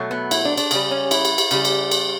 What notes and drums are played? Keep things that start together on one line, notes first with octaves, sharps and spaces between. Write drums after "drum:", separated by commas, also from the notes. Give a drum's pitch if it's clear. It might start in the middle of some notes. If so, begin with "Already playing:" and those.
Already playing: B2 F#3 A3
B3
E4, drum: cymbal
D4
D4, drum: cymbal
C#3 G3, drum: cymbal
C#4
E4, drum: cymbal
drum: cymbal
drum: cymbal
C#3 G3, drum: cymbal
drum: cymbal
drum: cymbal